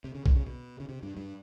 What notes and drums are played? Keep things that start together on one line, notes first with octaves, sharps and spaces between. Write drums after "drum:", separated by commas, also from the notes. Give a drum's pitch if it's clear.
C3
C#3
D3, drum: kick B1
C#3
B2
C#3
C3
G2
G2